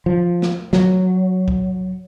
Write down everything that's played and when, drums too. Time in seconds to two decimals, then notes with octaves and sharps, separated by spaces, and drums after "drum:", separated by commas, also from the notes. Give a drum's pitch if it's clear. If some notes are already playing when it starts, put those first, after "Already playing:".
0.06 F3
0.42 drum: snare
0.73 F#3, drum: snare
1.48 drum: kick C2